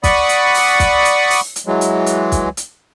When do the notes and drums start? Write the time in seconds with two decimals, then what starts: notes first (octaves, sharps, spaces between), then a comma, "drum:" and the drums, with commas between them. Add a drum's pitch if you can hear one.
0.04 D5 F#5 B5 C#6 D#6, drum: kick, hi-hat
0.29 drum: hi-hat
0.54 drum: open hi-hat
0.80 drum: kick, hi-hat
1.05 drum: hi-hat
1.30 drum: open hi-hat
1.56 drum: hi-hat
1.67 E3 F#3 G#3
1.81 drum: hi-hat
2.06 drum: hi-hat
2.32 drum: kick, hi-hat
2.57 drum: hi-hat